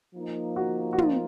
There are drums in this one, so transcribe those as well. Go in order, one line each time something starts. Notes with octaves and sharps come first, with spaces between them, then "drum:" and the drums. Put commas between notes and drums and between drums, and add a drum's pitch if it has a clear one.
F3 A#3 D#4
F#4
F#4
F4, drum: tom